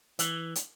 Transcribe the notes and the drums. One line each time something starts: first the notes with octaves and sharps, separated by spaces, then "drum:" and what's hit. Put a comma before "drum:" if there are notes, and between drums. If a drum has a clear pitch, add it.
E3, drum: hi-hat
drum: hi-hat